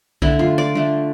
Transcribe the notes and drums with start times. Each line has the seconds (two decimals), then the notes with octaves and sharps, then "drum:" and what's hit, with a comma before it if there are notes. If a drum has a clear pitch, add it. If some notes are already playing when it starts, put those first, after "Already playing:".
0.22 D3 A3 E4, drum: kick B1
0.39 F4, drum: tom F#2
0.58 D5
0.75 D3 A3, drum: tom G3